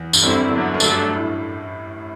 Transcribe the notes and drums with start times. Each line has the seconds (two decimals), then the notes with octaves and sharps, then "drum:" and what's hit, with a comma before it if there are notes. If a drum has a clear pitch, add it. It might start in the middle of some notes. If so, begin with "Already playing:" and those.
Already playing: E2
0.13 G2, drum: tambourine
0.22 F#2 D3 G3 C4 E4
0.51 D3 F#3 B3
0.74 F#2
0.80 G2 D3 F#3 A3 D4 A4, drum: tambourine
1.16 A2